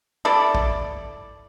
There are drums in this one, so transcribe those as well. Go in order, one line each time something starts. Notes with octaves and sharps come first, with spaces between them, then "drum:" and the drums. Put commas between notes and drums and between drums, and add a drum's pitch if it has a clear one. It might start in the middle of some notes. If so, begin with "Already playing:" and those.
E4 A4 D5, drum: rim click
drum: kick